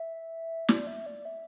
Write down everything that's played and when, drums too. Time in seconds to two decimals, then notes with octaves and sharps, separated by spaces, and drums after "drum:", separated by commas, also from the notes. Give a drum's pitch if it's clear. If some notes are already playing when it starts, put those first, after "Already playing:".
Already playing: E5
0.68 D5, drum: snare
0.87 E5
1.06 D5
1.25 E5